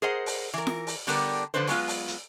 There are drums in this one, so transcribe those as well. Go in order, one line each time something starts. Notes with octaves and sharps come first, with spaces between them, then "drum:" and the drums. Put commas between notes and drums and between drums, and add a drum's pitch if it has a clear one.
G#4 A#4 C5 D#5 F#5
drum: open hi-hat
E3 A#4
drum: snare F4
drum: open hi-hat
D3 G3 B3 D4 G4 A#4, drum: open hi-hat
D3 F3 C4 D4 B4 C5
F#3 G#3 B3 F4, drum: open hi-hat
drum: open hi-hat
drum: hi-hat